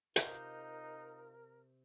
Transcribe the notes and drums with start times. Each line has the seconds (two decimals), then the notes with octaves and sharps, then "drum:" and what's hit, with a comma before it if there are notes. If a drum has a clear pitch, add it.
0.16 C3 D#4 F4 A#4 C5 D#5 F5, drum: hi-hat